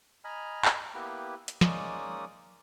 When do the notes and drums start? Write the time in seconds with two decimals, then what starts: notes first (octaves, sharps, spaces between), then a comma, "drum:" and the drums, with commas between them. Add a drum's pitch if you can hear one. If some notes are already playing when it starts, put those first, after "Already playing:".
0.24 D#5 G#5 A#5 B5 F6
0.65 drum: clap
0.95 A#3 B3 E4 G4 B4
1.48 drum: hi-hat
1.61 G#3 A#3 C#4 D#4 D5 D#6, drum: snare